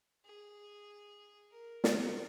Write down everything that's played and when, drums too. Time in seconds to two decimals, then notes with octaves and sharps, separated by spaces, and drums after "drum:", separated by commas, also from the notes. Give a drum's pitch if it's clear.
0.25 G#4
1.51 A#4
1.84 A#4, drum: snare